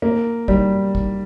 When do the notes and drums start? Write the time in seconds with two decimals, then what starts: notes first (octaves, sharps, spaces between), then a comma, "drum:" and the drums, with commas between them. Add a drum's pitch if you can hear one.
0.02 A#3
0.48 G3, drum: kick
0.95 drum: kick